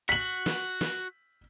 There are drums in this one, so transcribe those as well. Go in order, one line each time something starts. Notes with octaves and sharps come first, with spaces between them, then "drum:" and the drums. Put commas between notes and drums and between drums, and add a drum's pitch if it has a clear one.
F#4 B6 F#7
drum: snare
drum: snare